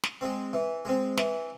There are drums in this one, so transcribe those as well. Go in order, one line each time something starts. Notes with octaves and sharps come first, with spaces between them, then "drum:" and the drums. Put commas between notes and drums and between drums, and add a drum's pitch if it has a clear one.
drum: snare
G#3 C4
E3
G#3 C4
E3, drum: snare